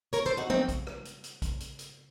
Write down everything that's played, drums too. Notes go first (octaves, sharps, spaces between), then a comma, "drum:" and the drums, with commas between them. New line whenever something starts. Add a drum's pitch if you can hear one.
A#4 C#5, drum: hi-hat
A4 C5
D#4 F#4
C4 D#4, drum: tom F3
drum: kick A#1, hi-hat
drum: rim click
drum: hi-hat
drum: hi-hat
drum: kick A#1, hi-hat
drum: hi-hat
drum: hi-hat